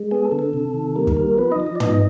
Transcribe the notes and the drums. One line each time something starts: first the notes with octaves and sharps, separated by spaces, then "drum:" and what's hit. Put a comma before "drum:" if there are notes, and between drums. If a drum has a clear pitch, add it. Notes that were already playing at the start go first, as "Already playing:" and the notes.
Already playing: G#3
B3 G#4
A4
D3
A4
C3
D#3
G3 A#3 A#4
drum: kick
G3 A#3 A#4
F3 B3 B4
D#4 D#5
F3
D#5
D5
B3 D#4 D#5, drum: tom